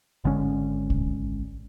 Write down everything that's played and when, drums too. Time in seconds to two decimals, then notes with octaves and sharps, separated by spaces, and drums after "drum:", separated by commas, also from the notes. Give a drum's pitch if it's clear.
0.24 G#1 D3 G#3 C#4
0.90 drum: kick